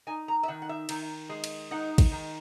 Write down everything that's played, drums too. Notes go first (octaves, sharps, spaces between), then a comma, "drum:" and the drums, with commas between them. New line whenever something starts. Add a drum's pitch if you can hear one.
D#4 G#5
A#5
E5
D#3 F#5
F#5
E5
D#3, drum: cymbal
G#3
drum: cymbal
D#4 F#5
drum: kick, cymbal
D#3